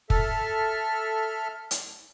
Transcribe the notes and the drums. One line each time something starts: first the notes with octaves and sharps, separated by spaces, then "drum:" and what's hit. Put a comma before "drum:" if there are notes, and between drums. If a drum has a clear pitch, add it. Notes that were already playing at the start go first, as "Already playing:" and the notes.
A4 E5 F6, drum: kick
drum: hi-hat